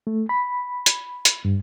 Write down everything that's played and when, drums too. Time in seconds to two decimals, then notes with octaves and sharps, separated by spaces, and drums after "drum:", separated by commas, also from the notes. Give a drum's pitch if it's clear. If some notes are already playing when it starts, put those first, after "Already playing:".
0.07 A3
0.29 B5
0.86 drum: hi-hat
1.25 drum: hi-hat
1.45 G2